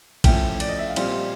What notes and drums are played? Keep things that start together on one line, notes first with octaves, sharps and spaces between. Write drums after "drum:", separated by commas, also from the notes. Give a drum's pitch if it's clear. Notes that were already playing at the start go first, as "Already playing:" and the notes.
F3 A3 C#4 E4 G5, drum: kick, cymbal
D5, drum: cymbal
D#5
E5
F5
A#2 G3 C4 F4, drum: cymbal